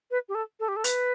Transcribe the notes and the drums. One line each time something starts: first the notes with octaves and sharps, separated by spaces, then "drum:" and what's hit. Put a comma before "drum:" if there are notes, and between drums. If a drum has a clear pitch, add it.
B4
G4
A4
A4
G4
A4
B4, drum: hi-hat